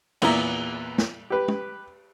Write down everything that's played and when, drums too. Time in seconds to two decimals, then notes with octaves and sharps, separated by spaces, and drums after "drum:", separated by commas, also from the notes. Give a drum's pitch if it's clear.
0.22 E2 A#2 B3 E4 A#5, drum: cymbal
0.98 drum: snare
1.30 G4 B4
1.48 drum: tom